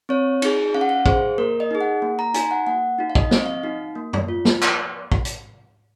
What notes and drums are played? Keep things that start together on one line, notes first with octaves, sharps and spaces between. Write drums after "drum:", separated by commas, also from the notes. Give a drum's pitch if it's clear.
C4 C#5
D#4 G#4, drum: cymbal
C#4 F5
F#5
F5
G#4 C5, drum: kick
A#3 A#4
D#5
D#4 G#4
F#5
A#3
A#5
D#4 F#4 G#5, drum: hi-hat
F#5
A#3 F#5
D#4 F#4
F5
D#5, drum: kick
C4 F5, drum: snare
D#5
F5
D#4 F#4
A#3
drum: tom F#2
F4
drum: snare
drum: clap
drum: kick
drum: hi-hat